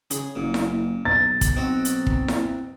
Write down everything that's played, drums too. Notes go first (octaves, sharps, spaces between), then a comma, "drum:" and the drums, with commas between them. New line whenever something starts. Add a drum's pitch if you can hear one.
C#3 G#4, drum: hi-hat
F#1 A#2
drum: snare E4
B1 A6
drum: kick, hi-hat
C4 D#4 F#4
drum: hi-hat
drum: kick
drum: snare E4